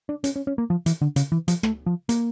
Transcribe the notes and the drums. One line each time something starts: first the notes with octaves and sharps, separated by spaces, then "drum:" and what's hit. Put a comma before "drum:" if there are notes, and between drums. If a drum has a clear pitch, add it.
D4
C#4, drum: hi-hat
C#4
C#4
A#3
F3
E3, drum: hi-hat
D3
C#3, drum: hi-hat
E3
F3, drum: hi-hat
A3, drum: rim click
F3
A#3, drum: hi-hat